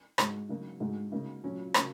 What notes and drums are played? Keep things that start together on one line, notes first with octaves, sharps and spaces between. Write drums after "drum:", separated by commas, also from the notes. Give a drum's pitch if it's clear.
G#2 G#3 D#4 F#4, drum: rim click
C#3 F#3 A#3 D#4 F#4
G#2 G#3 D#4 F#4
C#3 A#3 D#4 F#4
A#2 F#3 C#4
C#3 A#3 F#4, drum: rim click